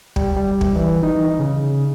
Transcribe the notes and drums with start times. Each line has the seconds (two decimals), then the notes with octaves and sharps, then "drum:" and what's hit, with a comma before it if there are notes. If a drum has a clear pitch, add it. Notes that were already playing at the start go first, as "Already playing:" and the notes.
0.16 G3, drum: kick
0.36 G3
0.61 drum: kick
0.75 E3
1.03 D#4
1.40 C#3